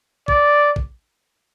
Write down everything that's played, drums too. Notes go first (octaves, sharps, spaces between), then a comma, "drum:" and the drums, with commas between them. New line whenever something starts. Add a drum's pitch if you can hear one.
D5, drum: kick
drum: kick